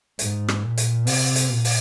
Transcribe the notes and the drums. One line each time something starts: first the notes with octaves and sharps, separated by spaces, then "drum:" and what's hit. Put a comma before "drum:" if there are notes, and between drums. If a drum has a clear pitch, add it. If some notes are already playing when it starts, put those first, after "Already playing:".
G#2, drum: hi-hat
drum: rim click
A#2
drum: hi-hat
C3, drum: open hi-hat
drum: hi-hat
A#2
drum: open hi-hat